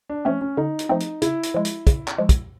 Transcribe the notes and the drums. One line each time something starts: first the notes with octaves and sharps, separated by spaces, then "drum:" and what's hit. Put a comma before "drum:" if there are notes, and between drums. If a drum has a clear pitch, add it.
D4
F3 A3 C4 C#4
C#4
D3 D#4
drum: hi-hat
F3 A3 C4 D#4
drum: hi-hat
C#3 E4, drum: hi-hat
drum: hi-hat
F3 G#3
drum: hi-hat
C#3, drum: kick, hi-hat
drum: clap
F3 G#3
drum: kick, hi-hat